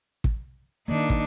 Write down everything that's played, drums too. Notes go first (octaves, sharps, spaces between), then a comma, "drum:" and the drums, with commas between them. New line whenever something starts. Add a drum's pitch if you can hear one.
drum: kick
D#3 A#3 D4 D#4
drum: kick